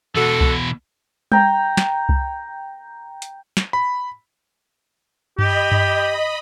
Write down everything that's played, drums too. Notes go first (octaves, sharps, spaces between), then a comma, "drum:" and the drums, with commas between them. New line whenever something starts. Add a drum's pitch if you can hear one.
B2 E3 F#4 A4
drum: kick C2
G5 A#5, drum: tom G3
drum: snare
drum: kick C2
drum: hi-hat
drum: snare
B5
G4 D#5 B5, drum: tom G2
drum: tom G2